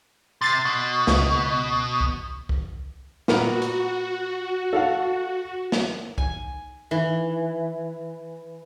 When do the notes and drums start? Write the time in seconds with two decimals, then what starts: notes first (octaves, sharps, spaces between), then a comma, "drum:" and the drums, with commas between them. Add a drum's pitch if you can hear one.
0.41 C3 A6 C7
0.65 B2
1.07 C#2, drum: snare
2.00 drum: kick C2
2.49 drum: kick C2
3.28 A#2 B3 F#4 A#4, drum: snare
3.62 drum: hi-hat
4.73 A4 F5 F#5
5.72 drum: snare
6.18 G#5, drum: kick C2
6.91 E3